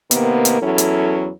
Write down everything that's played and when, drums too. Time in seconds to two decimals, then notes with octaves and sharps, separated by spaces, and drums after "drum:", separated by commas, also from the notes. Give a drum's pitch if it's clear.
0.11 C3 D#3 A#3 B3, drum: hi-hat
0.45 drum: hi-hat
0.61 E2 F#3 C#4 E4 A4
0.78 drum: hi-hat